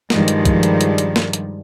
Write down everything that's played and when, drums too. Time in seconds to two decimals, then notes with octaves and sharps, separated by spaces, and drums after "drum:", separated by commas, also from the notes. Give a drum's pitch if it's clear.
0.10 G2 D#3 F3 G3 G#3, drum: snare
0.28 drum: hi-hat
0.45 drum: kick, hi-hat
0.63 drum: hi-hat
0.81 drum: hi-hat
0.98 drum: hi-hat
1.16 drum: snare
1.33 drum: hi-hat